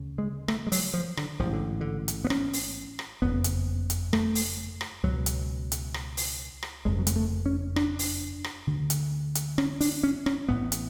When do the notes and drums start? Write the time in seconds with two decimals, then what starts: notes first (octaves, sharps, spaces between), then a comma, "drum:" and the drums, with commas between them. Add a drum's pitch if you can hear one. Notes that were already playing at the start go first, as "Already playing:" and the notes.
Already playing: D2 C#3
0.18 G#3
0.48 A3, drum: rim click
0.67 G#3
0.72 F#3, drum: open hi-hat
0.94 F3
1.17 D3, drum: rim click
1.39 A1 G#2 F3
1.53 D3
1.81 D3
2.08 drum: hi-hat
2.25 B3
2.30 C#4, drum: rim click
2.53 drum: open hi-hat
2.99 drum: rim click
3.22 F#1 F2 C#3 B3
3.44 drum: hi-hat
3.90 drum: hi-hat
4.13 A3, drum: rim click
4.35 drum: open hi-hat
4.81 drum: rim click
5.03 C#2 B2 F#3
5.26 drum: hi-hat
5.72 drum: hi-hat
5.94 drum: rim click
6.17 drum: open hi-hat
6.63 drum: rim click
6.85 F#1 F2 D3 G#3
6.99 F#3
7.07 G#3, drum: hi-hat
7.16 A3
7.46 C#4
7.76 D4, drum: rim click
7.99 drum: open hi-hat
8.44 drum: rim click
8.67 D2 D3
8.90 drum: hi-hat
9.35 drum: hi-hat
9.58 C#4, drum: rim click
9.81 D4, drum: open hi-hat
10.03 C#4
10.26 C#4, drum: rim click
10.48 A1 A2 B3
10.72 drum: hi-hat